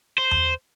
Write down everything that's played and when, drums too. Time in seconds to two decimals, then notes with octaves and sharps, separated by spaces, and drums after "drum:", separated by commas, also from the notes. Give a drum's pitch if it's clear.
0.18 C5
0.31 drum: tom E2